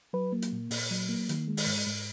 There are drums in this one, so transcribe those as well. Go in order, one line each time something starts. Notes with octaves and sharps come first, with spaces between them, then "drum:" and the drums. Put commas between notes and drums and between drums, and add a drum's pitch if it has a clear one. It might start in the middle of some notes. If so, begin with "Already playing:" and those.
F#3 B4
A#3
drum: hi-hat
A#2
A#2, drum: open hi-hat
F#3
A#3
D#3, drum: hi-hat
G#3
drum: open hi-hat
G#2
G#2